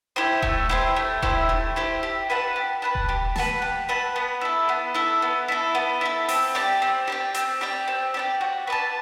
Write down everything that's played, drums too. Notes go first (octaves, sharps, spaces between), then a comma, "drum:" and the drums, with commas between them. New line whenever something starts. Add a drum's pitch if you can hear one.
E4 G4 C5
A3, drum: kick D#1
E4 G4 C5
A3
E4 G4 C5, drum: kick D#1
A3
E4 G4 C5
G4
B4 F#5 A5
G4
B4 F#5 A5
drum: kick D#1
G4
B4 F#5 A5, drum: snare
G4
B4 F#5 A5
B3
E4 A4
B3
E4 A4
B3
E4 A4
B3
E4 A4
C4, drum: open hi-hat
G4 D5 G5
C4
G4 D5 G5
C4, drum: hi-hat
G4 D5 G5
C4
G4 D5 G5
F#4
B4 D5 A5